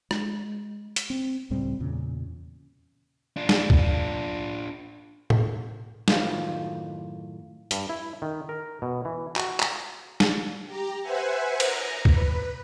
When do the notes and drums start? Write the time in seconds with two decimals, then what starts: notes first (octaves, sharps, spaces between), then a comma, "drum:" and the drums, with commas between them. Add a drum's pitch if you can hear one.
0.11 G#3, drum: rim click
0.96 drum: hi-hat
1.10 C4
1.50 C#2 A2 G3 C4
1.80 E2 A#2 C#3
3.36 D4 F4
3.49 drum: snare
3.70 drum: kick
5.30 drum: tom A2
6.08 F#2 A2 D#3 F4 C5 F5, drum: snare
7.71 G2, drum: hi-hat
7.89 E4
8.22 D#3
8.49 A#4
8.82 B2
9.05 E3
9.36 F#4, drum: clap
9.60 drum: clap
10.20 drum: snare
10.65 G4 A#5
11.02 B4 C5 E5 F#5 G#5
11.60 A#5, drum: cymbal
12.05 B4, drum: kick